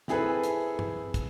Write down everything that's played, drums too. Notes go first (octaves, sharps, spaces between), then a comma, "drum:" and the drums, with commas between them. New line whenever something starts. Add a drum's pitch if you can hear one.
C4 E4 G#4 A4 B4, drum: snare
drum: hi-hat
drum: tom
drum: kick, hi-hat